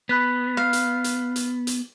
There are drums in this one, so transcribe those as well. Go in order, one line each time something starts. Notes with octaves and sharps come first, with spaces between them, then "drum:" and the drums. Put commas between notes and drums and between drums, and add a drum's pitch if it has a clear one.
B3 B5 F#6 B6
F5
drum: hi-hat
drum: hi-hat
drum: hi-hat
drum: hi-hat